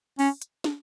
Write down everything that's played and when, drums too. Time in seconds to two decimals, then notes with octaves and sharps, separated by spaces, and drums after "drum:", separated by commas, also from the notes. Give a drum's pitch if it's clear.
0.19 C#4, drum: open hi-hat
0.42 drum: hi-hat
0.64 drum: snare